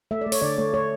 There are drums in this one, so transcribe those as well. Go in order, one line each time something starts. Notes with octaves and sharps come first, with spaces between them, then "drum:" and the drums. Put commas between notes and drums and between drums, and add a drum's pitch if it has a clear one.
A3 E5
D5
A3
C#5, drum: open hi-hat
D3 D5
A3 C#5
A3 C#5